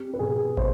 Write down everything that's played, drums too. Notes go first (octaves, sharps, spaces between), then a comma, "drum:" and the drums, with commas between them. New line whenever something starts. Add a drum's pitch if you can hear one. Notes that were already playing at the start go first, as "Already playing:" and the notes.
Already playing: C4 G4
B4
B2 G#4
B2 C5, drum: kick